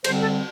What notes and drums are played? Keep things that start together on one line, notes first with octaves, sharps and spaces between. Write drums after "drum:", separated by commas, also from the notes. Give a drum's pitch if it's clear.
D3 G3 C4 C5, drum: cymbal
A4